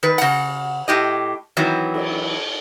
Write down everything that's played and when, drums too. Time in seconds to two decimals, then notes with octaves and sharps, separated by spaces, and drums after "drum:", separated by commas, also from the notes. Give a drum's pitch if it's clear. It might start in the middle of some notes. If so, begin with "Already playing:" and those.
0.03 D#3 B4
0.18 C#3 F#5, drum: cymbal
0.88 A2 G4 D#5
1.57 D#3 E3 F#3 C4
1.94 drum: cymbal